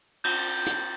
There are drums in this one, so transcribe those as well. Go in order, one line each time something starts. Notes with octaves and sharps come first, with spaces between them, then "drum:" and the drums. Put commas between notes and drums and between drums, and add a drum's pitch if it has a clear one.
G6, drum: cymbal
A6
drum: hi-hat